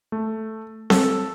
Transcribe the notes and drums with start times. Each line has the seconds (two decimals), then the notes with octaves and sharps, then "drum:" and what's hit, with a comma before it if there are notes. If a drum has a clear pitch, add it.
0.12 A3
0.90 A4, drum: snare C4